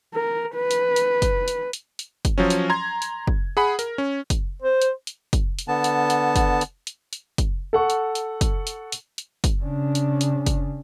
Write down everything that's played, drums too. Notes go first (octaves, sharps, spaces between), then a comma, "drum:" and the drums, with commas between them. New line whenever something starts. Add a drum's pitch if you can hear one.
A#4
B4
drum: hi-hat
drum: hi-hat
drum: kick, hi-hat
drum: hi-hat
drum: hi-hat
drum: hi-hat
drum: kick, hi-hat
F3 F#3 C#4
drum: hi-hat
A#5 C6 G#6
drum: hi-hat
drum: kick
G#4 F#5 B5
A#4, drum: hi-hat
C#4
drum: kick, hi-hat
C5
drum: hi-hat
drum: hi-hat
drum: kick, hi-hat
drum: hi-hat
D3 B3 A5
drum: hi-hat
drum: hi-hat
drum: kick, hi-hat
drum: hi-hat
drum: hi-hat
drum: hi-hat
drum: kick, hi-hat
A4 F#5 C#6
drum: hi-hat
drum: hi-hat
drum: kick, hi-hat
drum: hi-hat
drum: hi-hat
drum: hi-hat
drum: kick, hi-hat
C#3 D4
drum: hi-hat
drum: hi-hat
drum: kick, hi-hat